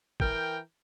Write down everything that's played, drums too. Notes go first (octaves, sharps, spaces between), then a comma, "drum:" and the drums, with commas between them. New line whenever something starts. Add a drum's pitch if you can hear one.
E3 A#4 G5, drum: kick